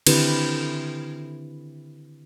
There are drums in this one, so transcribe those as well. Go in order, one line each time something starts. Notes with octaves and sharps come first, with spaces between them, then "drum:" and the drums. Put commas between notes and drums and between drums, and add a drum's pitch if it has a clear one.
D3 D#3 C4 E4 G4 B4, drum: cymbal